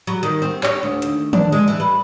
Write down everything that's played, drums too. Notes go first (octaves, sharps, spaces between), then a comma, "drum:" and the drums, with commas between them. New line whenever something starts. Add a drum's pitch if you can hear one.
F#3
D#3
C4
C#5, drum: clap
D2
D#2, drum: hi-hat
D4, drum: tom
G#3
E3
B4